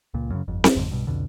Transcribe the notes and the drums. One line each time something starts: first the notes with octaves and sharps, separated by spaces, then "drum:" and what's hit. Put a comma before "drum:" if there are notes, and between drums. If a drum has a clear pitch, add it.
C#2 A#2
F#2 C#3
G1 F2
drum: snare C4
G#1 F2 G#2 D3
B1 G2 B2
C2 F2 B2 D3